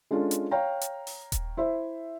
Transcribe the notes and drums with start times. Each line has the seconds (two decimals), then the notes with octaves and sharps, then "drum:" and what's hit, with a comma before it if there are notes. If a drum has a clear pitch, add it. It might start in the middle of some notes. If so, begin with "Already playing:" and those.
0.11 G#3 C#4 D4 F4 A4
0.31 drum: hi-hat
0.51 C#5 F5 G5 A#5
0.81 drum: hi-hat
1.07 drum: open hi-hat
1.32 drum: kick D#1, hi-hat
1.57 E4 C5 E5